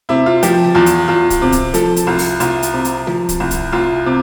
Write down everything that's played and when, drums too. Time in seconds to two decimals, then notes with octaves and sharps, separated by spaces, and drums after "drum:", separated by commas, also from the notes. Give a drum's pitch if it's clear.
0.09 C3 E4
0.26 F4
0.43 F3 G4, drum: hi-hat
0.64 drum: snare G3
0.75 E2 F4
0.86 drum: hi-hat
1.08 E2 F4
1.30 drum: kick, hi-hat
1.42 C3
1.52 drum: kick, hi-hat
1.74 F3 A4, drum: hi-hat
1.96 drum: hi-hat
2.07 C2 F4
2.19 drum: open hi-hat
2.40 C2 F4, drum: hi-hat
2.63 drum: hi-hat
2.74 C3
2.85 drum: hi-hat
3.07 F3, drum: snare G3
3.29 drum: kick, hi-hat
3.40 C2
3.51 drum: kick, hi-hat
3.72 C2 F4
4.06 C3